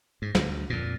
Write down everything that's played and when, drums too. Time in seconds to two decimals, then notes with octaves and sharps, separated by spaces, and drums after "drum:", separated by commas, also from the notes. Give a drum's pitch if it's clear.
0.22 G#2
0.35 D2, drum: snare
0.70 F2 A#2